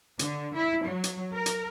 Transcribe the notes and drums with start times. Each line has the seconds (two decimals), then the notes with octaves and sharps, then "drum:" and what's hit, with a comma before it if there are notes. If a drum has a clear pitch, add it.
0.19 D3, drum: hi-hat
0.55 E4
0.85 F#3
1.04 drum: hi-hat
1.33 A#4
1.46 drum: hi-hat